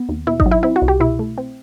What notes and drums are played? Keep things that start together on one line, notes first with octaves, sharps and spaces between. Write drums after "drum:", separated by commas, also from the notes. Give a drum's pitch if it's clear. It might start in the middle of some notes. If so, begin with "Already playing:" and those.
Already playing: B3
D#2
B2 E4
D#4, drum: kick G#1
F#3
E4
C4 E4
F#4
C2
G4
B2 E4
A3
C4